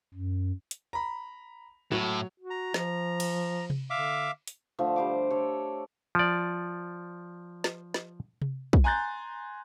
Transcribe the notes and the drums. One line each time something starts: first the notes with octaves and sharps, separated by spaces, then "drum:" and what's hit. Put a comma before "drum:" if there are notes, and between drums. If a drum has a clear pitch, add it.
F#2
drum: hi-hat
A#5 B5
A2 F#3
F#4
A#5
F3, drum: snare
drum: cymbal
drum: tom C3
D3 E5 F5 D6
drum: hi-hat
D3 F3 A3
G3 C5 D6
A4 C#5 D5
F3 D5
drum: snare
drum: snare
drum: tom C3
drum: kick
G#5 A#5 C6 F#6 G6 A6